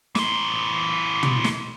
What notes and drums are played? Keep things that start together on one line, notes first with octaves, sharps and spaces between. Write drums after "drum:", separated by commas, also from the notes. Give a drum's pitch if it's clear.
E3 C5, drum: snare
drum: tom
drum: snare